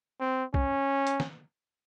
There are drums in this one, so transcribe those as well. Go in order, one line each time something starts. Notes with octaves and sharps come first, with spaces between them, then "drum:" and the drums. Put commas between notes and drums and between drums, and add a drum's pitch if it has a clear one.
C4
C#4, drum: kick
drum: hi-hat
drum: snare